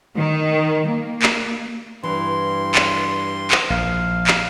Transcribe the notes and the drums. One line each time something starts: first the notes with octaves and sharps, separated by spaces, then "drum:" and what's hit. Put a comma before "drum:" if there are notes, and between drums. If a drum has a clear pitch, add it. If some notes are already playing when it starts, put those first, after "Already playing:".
D#3
A#3
drum: clap
G2 E3 C6
drum: clap
drum: clap
A#1 F5
drum: clap